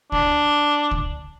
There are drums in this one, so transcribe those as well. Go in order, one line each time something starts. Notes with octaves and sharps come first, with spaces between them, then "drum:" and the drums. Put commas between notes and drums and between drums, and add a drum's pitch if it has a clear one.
D4, drum: kick C#2
drum: kick C#2